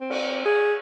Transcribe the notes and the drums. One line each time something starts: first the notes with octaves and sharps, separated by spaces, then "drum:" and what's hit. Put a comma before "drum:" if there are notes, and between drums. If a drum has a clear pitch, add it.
C4
drum: cymbal
G#4